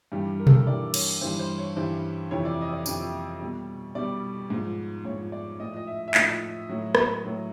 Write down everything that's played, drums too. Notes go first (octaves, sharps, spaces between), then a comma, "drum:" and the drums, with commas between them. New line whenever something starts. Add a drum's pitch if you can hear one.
G2 E3 G3
A#4
A4, drum: tom B2
A#4
G2 E3 G3 D5
C#5, drum: cymbal
G2 E3 G3 C5
C5
C#5
G2 E3 G3 C5
F2 C3 E3 C#5
D5
D#5
D5
F2 C3 E3, drum: tambourine
B2 G3
B2 G3 D5
G#2 F3
G#2 F3 C#5
D5
A2 F3 D#5
D#5
E5
E5
A2 F3 D#5, drum: clap
A2 F#3
drum: rim click
A2 F#3